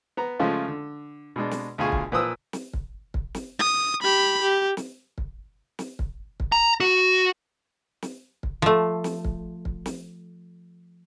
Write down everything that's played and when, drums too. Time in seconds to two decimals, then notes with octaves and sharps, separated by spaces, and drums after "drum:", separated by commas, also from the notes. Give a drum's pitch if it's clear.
0.17 B3 A#5
0.39 C#3 F3 G#3 A3 C#4 F4
0.68 D3
1.36 B2 G#3 D4
1.51 drum: snare
1.78 D2 B2 F4 G#4 G#5 C#6
1.92 drum: kick
2.12 A#2 F3 B4 C5 D#6 E6
2.53 drum: snare
2.73 drum: kick
3.14 drum: kick
3.35 drum: snare
3.59 D#6
4.02 G4 B5
4.43 G4
4.77 drum: snare
5.18 drum: kick
5.79 drum: snare
5.99 drum: kick
6.40 drum: kick
6.52 A#5
6.80 F#4
8.02 drum: snare
8.43 drum: kick
8.62 F3 A3
9.04 drum: snare
9.25 drum: kick
9.65 drum: kick
9.86 drum: snare